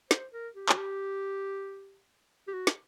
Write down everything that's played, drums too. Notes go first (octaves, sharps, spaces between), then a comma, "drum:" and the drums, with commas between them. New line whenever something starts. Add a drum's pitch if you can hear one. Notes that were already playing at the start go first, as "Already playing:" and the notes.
C5, drum: snare
A#4
G4
F#4, drum: clap
G4
G4
F#4
drum: snare